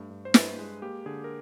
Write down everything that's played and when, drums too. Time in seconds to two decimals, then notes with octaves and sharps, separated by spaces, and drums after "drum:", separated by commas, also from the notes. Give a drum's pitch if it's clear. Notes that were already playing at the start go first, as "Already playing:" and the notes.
Already playing: G2 A3
0.11 G2
0.25 C5
0.34 G2 B4, drum: snare
0.59 G#3
0.82 A#3 G4
1.06 D3 G#4
1.24 A#4